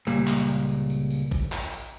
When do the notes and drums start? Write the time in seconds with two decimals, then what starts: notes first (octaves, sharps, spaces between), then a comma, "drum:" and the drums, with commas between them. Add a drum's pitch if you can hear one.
0.07 C#2 A#2 G3, drum: tambourine
0.28 drum: clap
0.48 drum: tambourine
0.69 drum: tambourine
0.90 drum: tambourine
1.11 drum: tambourine
1.31 drum: kick, tambourine
1.52 drum: clap
1.73 drum: tambourine